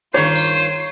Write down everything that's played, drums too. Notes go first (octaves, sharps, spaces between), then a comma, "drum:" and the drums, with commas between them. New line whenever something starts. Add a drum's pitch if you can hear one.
G2 D#3 F4 C5 C#5 C7
drum: tambourine